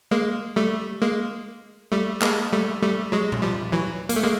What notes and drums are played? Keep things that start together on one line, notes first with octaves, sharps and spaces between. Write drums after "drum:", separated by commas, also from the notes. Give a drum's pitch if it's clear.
G#3 A#3
G3 A3
G#3 A#3
G3 A3
G#3 A#3, drum: clap
G3 A3
G3 A3
F#3 G#3
drum: tom A#2
F3 G3
E3 F#3
A#3, drum: hi-hat
A3
G#3 A#3